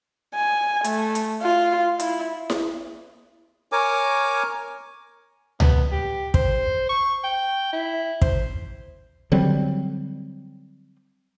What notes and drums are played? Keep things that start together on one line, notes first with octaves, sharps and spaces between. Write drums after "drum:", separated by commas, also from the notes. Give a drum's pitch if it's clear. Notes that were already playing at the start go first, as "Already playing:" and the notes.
G#5
A3, drum: hi-hat
drum: hi-hat
F4
E4, drum: hi-hat
drum: snare E4
A#4 C#5 G#5 D6
B3, drum: tom C#2
G4
C5, drum: kick
C#6
G5
E4
C5, drum: kick
D3 F#3 G3 C4